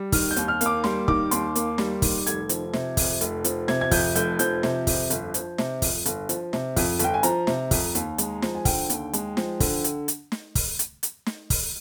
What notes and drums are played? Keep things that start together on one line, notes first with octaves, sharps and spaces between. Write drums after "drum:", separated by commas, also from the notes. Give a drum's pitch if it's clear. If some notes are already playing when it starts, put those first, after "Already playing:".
Already playing: G3
D#3 F6, drum: kick, open hi-hat
G6
D#2, drum: hi-hat
F6
A#3, drum: hi-hat
D6
G3 C6, drum: snare
D#3 D6, drum: kick
D#2 C6, drum: hi-hat
A#3, drum: hi-hat
G3, drum: snare
D#3, drum: kick, open hi-hat
F1 G#6, drum: hi-hat
F3, drum: hi-hat
C3, drum: snare
F2, drum: kick, open hi-hat
F1, drum: hi-hat
F3, drum: hi-hat
C3 G#6, drum: snare
G#6
F2 G6, drum: kick, open hi-hat
F1 G6, drum: hi-hat
F3 G6, drum: hi-hat
C3, drum: snare
F2, drum: kick, open hi-hat
G1, drum: hi-hat
F3, drum: hi-hat
C3, drum: snare
F2, drum: kick, open hi-hat
G1, drum: hi-hat
F3, drum: hi-hat
C3, drum: snare
F2, drum: kick, open hi-hat
G1, drum: hi-hat
G5
G#5
F3 A#5, drum: hi-hat
C3, drum: snare
F2, drum: kick, open hi-hat
D#2, drum: hi-hat
G#3, drum: hi-hat
F3, drum: snare
G#5
D3 G5, drum: kick, open hi-hat
D#2, drum: hi-hat
G#3, drum: hi-hat
F3, drum: snare
D3, drum: kick, open hi-hat
drum: hi-hat
drum: hi-hat
drum: snare
drum: kick, open hi-hat
drum: hi-hat
drum: hi-hat
drum: snare
drum: kick, open hi-hat